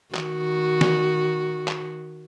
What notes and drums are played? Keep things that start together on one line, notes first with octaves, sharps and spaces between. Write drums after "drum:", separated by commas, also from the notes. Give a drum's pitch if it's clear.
D#3 F#4, drum: clap
drum: snare
drum: clap